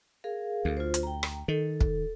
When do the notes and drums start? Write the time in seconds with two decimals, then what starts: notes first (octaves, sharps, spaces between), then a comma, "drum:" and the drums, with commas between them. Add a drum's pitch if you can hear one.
0.24 G#4 A#4 F5
0.65 D2
0.77 F4 C5
0.94 drum: hi-hat
1.03 G5 A#5
1.23 drum: rim click
1.48 D#3 A4
1.81 drum: kick